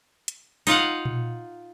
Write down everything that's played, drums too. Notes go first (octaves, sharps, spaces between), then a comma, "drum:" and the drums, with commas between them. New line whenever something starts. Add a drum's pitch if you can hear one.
drum: hi-hat
D#4 F4 F5 F#5, drum: open hi-hat
drum: tom A#2